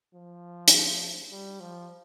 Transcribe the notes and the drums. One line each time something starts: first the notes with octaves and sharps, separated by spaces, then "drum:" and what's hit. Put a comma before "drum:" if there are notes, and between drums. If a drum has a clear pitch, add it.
F3
drum: hi-hat
G3
F3